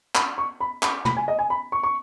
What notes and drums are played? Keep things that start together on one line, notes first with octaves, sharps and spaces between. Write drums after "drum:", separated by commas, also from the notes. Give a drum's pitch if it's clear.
B5, drum: clap
C#6
B5
B5, drum: clap
B5, drum: tom
G#5
D#5
G#5
B5
C#6
C#6